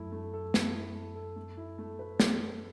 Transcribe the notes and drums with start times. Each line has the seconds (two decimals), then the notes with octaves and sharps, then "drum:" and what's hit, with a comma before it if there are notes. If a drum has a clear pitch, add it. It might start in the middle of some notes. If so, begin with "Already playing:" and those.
Already playing: F#2 F#3 A3 E4
0.12 A3
0.33 A4
0.54 A3, drum: snare
0.74 E4
0.95 A3
1.15 A4
1.36 A3
1.57 E4
1.78 A3
1.99 B4
2.20 drum: snare